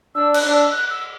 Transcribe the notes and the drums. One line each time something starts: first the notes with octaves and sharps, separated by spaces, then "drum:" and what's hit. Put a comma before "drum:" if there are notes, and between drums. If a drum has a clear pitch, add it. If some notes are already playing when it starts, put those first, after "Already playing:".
D4 E6
F#6, drum: cymbal
D4
E6
F#6
E6